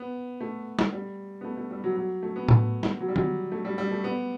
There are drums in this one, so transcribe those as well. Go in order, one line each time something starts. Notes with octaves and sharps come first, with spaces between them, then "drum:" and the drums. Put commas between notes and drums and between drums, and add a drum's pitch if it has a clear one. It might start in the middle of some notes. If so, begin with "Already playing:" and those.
Already playing: B3
A3
drum: snare
G3
B3
A3
A3
G3
F#3
F#3
A3
B3
A3, drum: tom A2
drum: snare
F#3
G3
F#3, drum: tom D#3
A3
G3
G3
A3
B3